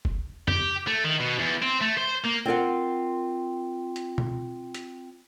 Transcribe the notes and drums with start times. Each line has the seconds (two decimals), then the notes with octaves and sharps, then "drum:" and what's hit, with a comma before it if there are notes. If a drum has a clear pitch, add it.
0.05 drum: kick F#1
0.48 G4, drum: tom F2
0.87 A3
1.04 D#3
1.20 B2
1.39 E2
1.62 C4
1.81 A3
1.97 C5
2.24 A#3
2.45 C4 F4 A#4 F#5
3.96 drum: hi-hat
4.18 drum: tom B2
4.74 drum: hi-hat